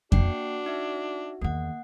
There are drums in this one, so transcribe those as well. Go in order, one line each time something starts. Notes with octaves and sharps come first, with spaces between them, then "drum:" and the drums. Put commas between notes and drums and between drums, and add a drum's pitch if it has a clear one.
A#3 D4 F#4 G5 C7, drum: kick F2
D#4 E5
E2 D#3 A#3 F#5